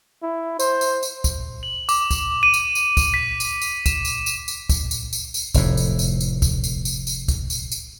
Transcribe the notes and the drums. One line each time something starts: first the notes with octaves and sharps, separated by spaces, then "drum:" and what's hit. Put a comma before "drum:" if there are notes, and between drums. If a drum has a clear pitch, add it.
E4
C5, drum: tambourine
drum: tambourine
drum: tambourine
drum: kick, tambourine
F#7
D6, drum: tambourine
drum: kick, tambourine
D#7
drum: tambourine
drum: tambourine
drum: kick, tambourine
B6
drum: tambourine
drum: tambourine
E7, drum: kick, tambourine
drum: tambourine
drum: tambourine
drum: tambourine
drum: kick, tambourine
drum: tambourine
drum: tambourine
drum: tambourine
F1 A2, drum: kick, tambourine
drum: tambourine
drum: tambourine
drum: tambourine
drum: kick, tambourine
drum: tambourine
drum: tambourine
drum: tambourine
drum: kick, tambourine
drum: tambourine
drum: tambourine